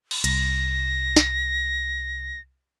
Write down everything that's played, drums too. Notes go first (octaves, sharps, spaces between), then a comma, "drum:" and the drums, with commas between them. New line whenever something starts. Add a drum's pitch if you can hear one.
drum: cymbal
C2 A#6, drum: hi-hat
drum: snare